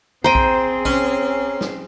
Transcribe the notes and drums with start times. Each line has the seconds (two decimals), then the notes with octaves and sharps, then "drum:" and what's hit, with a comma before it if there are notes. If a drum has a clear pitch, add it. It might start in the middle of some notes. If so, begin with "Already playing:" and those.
0.24 C4 G#4 C5 G5 A#5 D#7
0.35 drum: kick A#1
0.85 C#4, drum: kick A#1
1.61 drum: snare